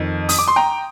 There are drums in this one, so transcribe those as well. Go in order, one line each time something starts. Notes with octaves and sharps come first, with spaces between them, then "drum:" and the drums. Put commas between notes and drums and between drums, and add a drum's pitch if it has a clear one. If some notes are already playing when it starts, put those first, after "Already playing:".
Already playing: F2 D#3
D#6, drum: open hi-hat
D6
C6
G5 A#5